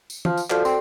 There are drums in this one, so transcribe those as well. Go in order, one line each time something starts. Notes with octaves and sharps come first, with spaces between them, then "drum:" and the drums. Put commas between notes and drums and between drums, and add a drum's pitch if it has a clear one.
drum: tambourine
F3, drum: tom
drum: tambourine
F3 F#4 A4 D5, drum: clap
C4 C6, drum: tambourine